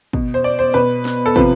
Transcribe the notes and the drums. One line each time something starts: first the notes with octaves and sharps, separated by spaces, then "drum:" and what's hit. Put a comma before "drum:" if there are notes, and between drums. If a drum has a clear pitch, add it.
B2, drum: kick
C5
D5
C5
B2 B4
drum: snare
A4
C3 F3 B4, drum: kick